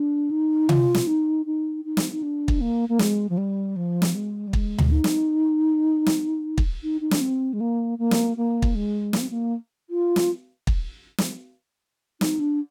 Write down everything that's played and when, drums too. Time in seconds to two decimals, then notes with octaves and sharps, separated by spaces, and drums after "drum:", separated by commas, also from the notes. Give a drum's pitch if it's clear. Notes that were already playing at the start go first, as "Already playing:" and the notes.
Already playing: D4
0.31 D#4
0.69 F4, drum: tom C3
0.95 drum: snare
1.07 D#4
1.46 D#4
1.85 D#4
1.97 drum: snare
2.12 D#4
2.23 D4
2.48 drum: kick
2.61 A#3
2.89 A#3
2.99 G#3, drum: snare
3.29 F3
3.37 G3
3.76 F3
4.02 drum: snare
4.15 G#3
4.47 G3
4.53 G#3, drum: kick
4.78 drum: tom D2
4.91 D#4
5.04 drum: snare
6.06 drum: snare
6.58 drum: kick
6.83 D#4
7.01 D#4
7.11 D4, drum: snare
7.21 C4
7.53 G#3
7.60 A#3
7.98 A#3
8.11 drum: snare
8.37 A#3
8.62 drum: kick
8.75 G#3
9.13 A#3, drum: snare
9.21 C4
9.30 A#3
9.90 F4
10.16 drum: snare
10.67 drum: kick
11.18 drum: snare
12.21 D#4, drum: snare
12.40 D4